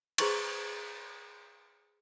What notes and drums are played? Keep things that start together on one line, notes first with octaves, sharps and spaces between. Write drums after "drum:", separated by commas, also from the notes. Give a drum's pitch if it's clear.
G#4 B4 C5 A#5 C6 C#6, drum: cymbal